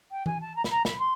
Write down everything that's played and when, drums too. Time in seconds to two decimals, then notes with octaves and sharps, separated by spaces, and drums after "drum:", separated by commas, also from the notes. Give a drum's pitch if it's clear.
0.11 G5
0.26 G#5, drum: tom E3
0.41 A5
0.56 A#5
0.64 B5, drum: snare
0.70 A#5
0.85 B5, drum: snare
0.99 C6